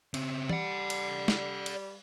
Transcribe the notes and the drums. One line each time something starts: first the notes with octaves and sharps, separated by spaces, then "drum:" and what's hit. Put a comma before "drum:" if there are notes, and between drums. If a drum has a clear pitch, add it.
C#3 C4, drum: cymbal
G3 D5 F#5, drum: tom E3
drum: cymbal
drum: snare
drum: cymbal